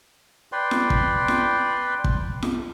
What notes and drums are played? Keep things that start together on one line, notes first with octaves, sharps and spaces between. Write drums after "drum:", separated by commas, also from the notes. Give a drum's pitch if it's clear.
B4 D5 G5 C6
drum: snare
drum: kick
drum: snare
drum: kick
drum: snare